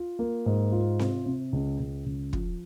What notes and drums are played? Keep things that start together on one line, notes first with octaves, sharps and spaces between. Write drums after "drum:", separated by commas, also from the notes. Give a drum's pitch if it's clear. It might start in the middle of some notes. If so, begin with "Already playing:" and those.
Already playing: F4
A#3
G#2
F4
C3, drum: snare C4
C3
C#2
C#2
C#2
F3, drum: kick